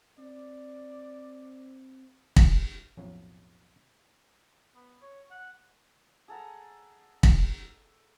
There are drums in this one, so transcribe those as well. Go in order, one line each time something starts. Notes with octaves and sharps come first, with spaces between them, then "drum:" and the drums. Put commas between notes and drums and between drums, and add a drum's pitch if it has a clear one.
C4 D5
drum: kick
B1 F2 A2 F3 F#3 C#4
B3
C#5
F#5
G#4 A4 F#5 A#5
drum: kick